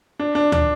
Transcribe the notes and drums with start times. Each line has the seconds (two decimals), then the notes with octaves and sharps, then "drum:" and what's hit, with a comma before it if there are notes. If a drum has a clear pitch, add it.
0.19 D4
0.35 D4
0.52 D4, drum: tom